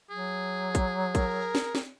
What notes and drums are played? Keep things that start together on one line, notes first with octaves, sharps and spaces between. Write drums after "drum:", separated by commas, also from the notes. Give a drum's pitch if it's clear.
F#3 G#4
drum: kick, hi-hat
A#4, drum: kick, hi-hat
drum: snare
drum: snare